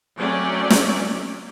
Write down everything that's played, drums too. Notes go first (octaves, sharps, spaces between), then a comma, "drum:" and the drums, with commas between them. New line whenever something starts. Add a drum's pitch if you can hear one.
F#3 A3 C4 C#4 D5
drum: snare